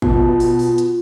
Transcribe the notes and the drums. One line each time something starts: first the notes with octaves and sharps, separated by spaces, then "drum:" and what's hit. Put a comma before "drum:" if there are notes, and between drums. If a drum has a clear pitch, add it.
B2 F4, drum: kick
drum: open hi-hat
drum: open hi-hat
drum: hi-hat